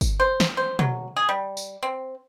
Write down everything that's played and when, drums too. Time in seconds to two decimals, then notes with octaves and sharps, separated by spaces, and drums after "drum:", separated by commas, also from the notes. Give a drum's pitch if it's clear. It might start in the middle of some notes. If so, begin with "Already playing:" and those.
0.01 drum: kick, tambourine
0.20 C5
0.40 drum: snare
0.57 C5
0.79 F#3, drum: tom B2
1.16 G#4
1.29 G3
1.57 drum: tambourine
1.83 C4